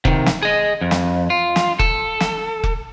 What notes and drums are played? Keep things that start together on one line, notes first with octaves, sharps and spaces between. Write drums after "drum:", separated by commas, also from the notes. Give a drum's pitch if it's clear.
C3 D#3, drum: kick F1
drum: snare
G#4 D#5
F2
drum: snare
F4
drum: snare
A4, drum: kick F1
drum: snare
drum: kick F1